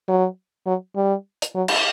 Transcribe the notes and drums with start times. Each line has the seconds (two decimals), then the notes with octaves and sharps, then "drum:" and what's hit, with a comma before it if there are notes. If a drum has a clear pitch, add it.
0.08 F#3
0.66 F#3
0.96 G3
1.42 drum: hi-hat
1.55 F#3
1.68 drum: cymbal